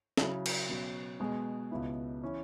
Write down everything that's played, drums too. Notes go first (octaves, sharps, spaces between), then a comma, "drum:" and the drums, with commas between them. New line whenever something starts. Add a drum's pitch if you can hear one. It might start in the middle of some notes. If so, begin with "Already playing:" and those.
C#3 F#3 E4, drum: snare
drum: cymbal
B2 F#3 C#4
B2 G#3 B3 G#4
C#2 B2 B3 E4
E3 C#4 E4